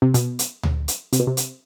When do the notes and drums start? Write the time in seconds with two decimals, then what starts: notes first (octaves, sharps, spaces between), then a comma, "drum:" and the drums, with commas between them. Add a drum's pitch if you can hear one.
0.02 C3
0.14 B2, drum: hi-hat
0.39 drum: hi-hat
0.63 drum: tom D2
0.88 drum: hi-hat
1.13 C3, drum: hi-hat
1.20 B2
1.27 C3
1.37 drum: hi-hat